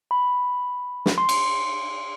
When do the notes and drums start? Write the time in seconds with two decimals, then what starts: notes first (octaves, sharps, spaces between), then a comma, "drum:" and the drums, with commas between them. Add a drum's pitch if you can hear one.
0.11 B5
1.06 drum: snare
1.18 C6
1.29 drum: cymbal